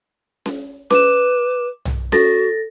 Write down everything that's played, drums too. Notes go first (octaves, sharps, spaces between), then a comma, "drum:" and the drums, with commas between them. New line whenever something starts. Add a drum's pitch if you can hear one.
drum: snare C#4
B4 D6 E7, drum: snare C#4
drum: tom B1
F#4 A4 A6 A#6, drum: snare C#4